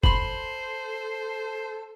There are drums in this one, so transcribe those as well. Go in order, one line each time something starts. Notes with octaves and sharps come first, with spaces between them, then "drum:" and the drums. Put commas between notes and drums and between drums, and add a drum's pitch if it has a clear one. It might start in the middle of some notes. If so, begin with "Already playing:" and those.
A4 C5 B5 C6 F#7, drum: kick F#1